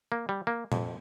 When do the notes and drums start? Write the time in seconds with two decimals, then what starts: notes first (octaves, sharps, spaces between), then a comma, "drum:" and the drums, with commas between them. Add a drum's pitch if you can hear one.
0.12 A#3
0.29 G3
0.47 A#3
0.72 F2, drum: tom A#2